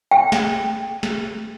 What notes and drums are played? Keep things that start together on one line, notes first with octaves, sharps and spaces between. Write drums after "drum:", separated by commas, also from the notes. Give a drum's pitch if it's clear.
G5
drum: snare
drum: snare